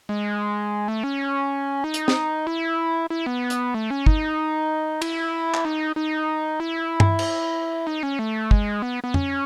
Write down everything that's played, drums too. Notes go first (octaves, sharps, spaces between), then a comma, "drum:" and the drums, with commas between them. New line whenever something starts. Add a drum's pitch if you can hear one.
G#3
A3
C#4
D#4
drum: hi-hat
drum: snare
E4
E4
B3
drum: hi-hat
A3
C#4
D#4, drum: kick
E4, drum: cymbal
drum: clap
D#4
D#4
E4
drum: tom
drum: cymbal
D#4
C#4
A3
G#3, drum: kick
B3
B3
C#4, drum: tom